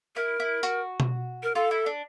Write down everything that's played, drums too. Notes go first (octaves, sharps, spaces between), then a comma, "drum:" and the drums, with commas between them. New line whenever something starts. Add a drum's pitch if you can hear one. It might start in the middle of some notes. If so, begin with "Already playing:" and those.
E4 A#4
E4
F#4, drum: hi-hat
drum: tom B2
A#4
F4 A4
E4
D4